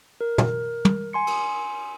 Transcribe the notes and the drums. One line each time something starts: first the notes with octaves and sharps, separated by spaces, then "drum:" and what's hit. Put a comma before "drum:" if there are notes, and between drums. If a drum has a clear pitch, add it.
A#4
drum: tom
drum: tom
G#5 C6 C#7
drum: cymbal